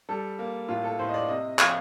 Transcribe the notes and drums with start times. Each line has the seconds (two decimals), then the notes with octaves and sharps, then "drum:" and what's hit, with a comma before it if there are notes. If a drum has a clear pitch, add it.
0.09 G3 A4
0.39 A#3
0.69 A2 F4
0.84 A4
0.99 A2 C5
1.09 D#5
1.14 D5
1.28 C3 D#5
1.59 F3 F5, drum: clap